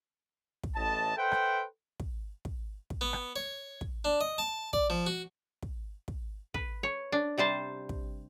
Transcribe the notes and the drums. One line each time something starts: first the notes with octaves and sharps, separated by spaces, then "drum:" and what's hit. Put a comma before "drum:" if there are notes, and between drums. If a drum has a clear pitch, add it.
drum: kick
A1 A2 E3 D#5 A5
A4 B4 C5 E5 F#5 G5
drum: rim click
drum: kick
drum: kick
drum: kick
B3
drum: rim click
C#5
drum: kick
D4
D#5
A5
D5, drum: kick
F3
F#4
drum: kick
drum: kick
B4, drum: kick
C#5
D4
C3 G3 C5 A5
drum: kick